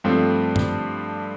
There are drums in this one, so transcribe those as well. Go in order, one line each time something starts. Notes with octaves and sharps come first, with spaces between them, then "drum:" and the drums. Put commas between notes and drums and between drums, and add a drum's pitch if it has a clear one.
G2 F3 A3 C4
drum: tom G2